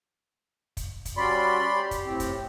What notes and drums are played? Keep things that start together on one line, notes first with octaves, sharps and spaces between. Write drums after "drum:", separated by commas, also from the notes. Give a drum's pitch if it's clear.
drum: kick, hi-hat
drum: kick, hi-hat
G3 C#4 F#4 D5 B5 C6
G4
drum: kick, hi-hat
A2 C4
drum: kick, hi-hat